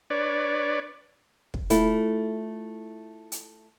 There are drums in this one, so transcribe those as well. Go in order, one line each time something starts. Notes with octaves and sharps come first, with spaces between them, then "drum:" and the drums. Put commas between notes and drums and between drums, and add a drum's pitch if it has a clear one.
D4 B4 C#5 D5
drum: kick
A3 E4 F4 A4, drum: hi-hat
drum: hi-hat